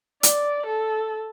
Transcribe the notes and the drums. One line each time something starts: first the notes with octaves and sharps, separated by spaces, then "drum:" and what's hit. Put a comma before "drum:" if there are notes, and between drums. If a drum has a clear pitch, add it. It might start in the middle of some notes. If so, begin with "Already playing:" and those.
D5, drum: hi-hat
A4